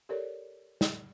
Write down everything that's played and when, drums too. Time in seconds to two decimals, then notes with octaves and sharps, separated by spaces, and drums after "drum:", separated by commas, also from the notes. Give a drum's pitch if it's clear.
0.09 G4 A4 A#4 C#5 D5
0.81 drum: snare